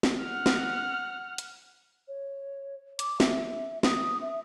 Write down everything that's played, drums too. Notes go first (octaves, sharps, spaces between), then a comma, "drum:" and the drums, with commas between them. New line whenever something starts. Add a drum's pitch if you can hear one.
drum: snare
F#5 F6
drum: snare
drum: hi-hat
C#5
D6, drum: hi-hat
E5, drum: snare
D#6, drum: snare
E5